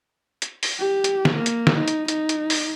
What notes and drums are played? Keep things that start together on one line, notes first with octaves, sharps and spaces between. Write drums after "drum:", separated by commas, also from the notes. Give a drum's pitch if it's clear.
drum: hi-hat
drum: open hi-hat
G4
drum: hi-hat
drum: snare
A#3
drum: hi-hat
drum: snare
D#4
drum: hi-hat
D#4, drum: hi-hat
drum: hi-hat
drum: open hi-hat